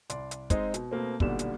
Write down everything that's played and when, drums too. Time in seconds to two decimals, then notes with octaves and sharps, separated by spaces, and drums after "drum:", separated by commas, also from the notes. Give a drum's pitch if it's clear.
0.10 C2 D5 C6, drum: hi-hat
0.31 drum: hi-hat
0.50 G#3 C4 D#4 D#5, drum: kick, hi-hat
0.74 B2, drum: hi-hat
0.91 B2 A3 A#3 C4
1.20 B1 A#2 D3 G3 B3 E7, drum: kick
1.39 drum: hi-hat